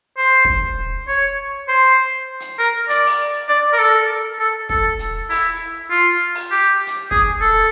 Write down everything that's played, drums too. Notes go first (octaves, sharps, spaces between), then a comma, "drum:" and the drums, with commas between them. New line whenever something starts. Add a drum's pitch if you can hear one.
C5
drum: kick
C#5
C5
drum: hi-hat
A#4
D5, drum: hi-hat
drum: open hi-hat
D5
A#4
A4
A4
A4, drum: kick
drum: hi-hat
E4, drum: open hi-hat
F4
drum: open hi-hat
G4
drum: hi-hat
G#4, drum: kick
A4